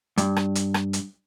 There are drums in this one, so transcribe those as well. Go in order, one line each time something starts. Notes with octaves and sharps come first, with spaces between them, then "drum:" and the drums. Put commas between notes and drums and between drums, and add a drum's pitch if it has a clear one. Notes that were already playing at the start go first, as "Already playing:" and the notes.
G2, drum: hi-hat
drum: rim click
drum: hi-hat
drum: rim click
drum: hi-hat